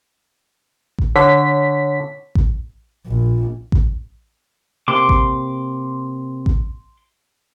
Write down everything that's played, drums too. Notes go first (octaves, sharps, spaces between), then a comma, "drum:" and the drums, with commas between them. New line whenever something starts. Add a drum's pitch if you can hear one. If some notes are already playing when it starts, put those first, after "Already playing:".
drum: kick A1
D3 C#5 B6
drum: kick A1
A#1
drum: kick A1
C3 A#3 C4 C6 D6
drum: kick A1
drum: kick A1